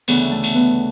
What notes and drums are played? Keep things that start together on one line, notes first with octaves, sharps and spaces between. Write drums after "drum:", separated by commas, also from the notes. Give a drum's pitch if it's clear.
D2 C#3 E3 B3, drum: cymbal
A3
drum: cymbal
B3